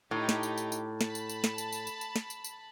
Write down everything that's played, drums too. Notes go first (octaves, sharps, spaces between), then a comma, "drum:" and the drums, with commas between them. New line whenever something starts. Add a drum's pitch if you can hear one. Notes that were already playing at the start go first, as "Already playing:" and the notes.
A2 D#4 G4
drum: snare
drum: tambourine
drum: tambourine
drum: tambourine
A5 B5, drum: snare
drum: tambourine
drum: tambourine
drum: snare
drum: tambourine
drum: tambourine
drum: tambourine
drum: tambourine
drum: snare
drum: tambourine
drum: tambourine